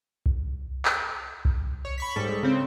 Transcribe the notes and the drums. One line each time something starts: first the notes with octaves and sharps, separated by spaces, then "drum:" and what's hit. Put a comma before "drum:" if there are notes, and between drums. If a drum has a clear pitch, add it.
drum: kick B1
drum: clap
drum: kick B1
C#5
B5 C#6 B6
G#2 G3 A4
G#3
C#3 C4